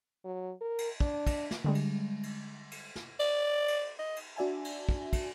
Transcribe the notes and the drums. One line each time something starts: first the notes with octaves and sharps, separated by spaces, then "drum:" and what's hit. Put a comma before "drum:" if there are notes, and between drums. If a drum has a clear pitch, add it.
F#3
A#4
drum: cymbal
D4, drum: kick
drum: kick, cymbal
drum: snare
D3 G3 G#3
drum: cymbal
drum: cymbal
drum: cymbal
drum: snare
D5, drum: cymbal
drum: cymbal
D#5
drum: cymbal
D4 F#4 D5 E5 G#5 A5
drum: cymbal
drum: kick
drum: kick, cymbal